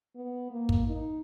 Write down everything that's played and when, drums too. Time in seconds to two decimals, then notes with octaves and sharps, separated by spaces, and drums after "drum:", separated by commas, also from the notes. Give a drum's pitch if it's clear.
0.15 B3
0.51 A#3
0.69 drum: kick
0.87 D#4